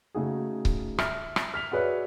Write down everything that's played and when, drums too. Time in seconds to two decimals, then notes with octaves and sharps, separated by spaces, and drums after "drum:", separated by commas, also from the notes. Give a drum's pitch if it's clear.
0.15 C#3 A3 D#4 F#4 G#4
0.65 drum: kick C#1
0.98 E5 F6, drum: rim click
1.36 drum: rim click
1.54 F6 B6 F7
1.72 F#4 G#4 B4 C#5 D5 E5